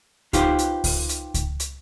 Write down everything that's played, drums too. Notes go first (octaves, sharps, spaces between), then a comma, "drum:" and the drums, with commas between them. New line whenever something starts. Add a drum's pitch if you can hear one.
D#4 F4 G4 B4 C5, drum: kick C#2, hi-hat
drum: hi-hat
drum: kick C#2, open hi-hat
drum: hi-hat
drum: kick C#2, hi-hat
drum: hi-hat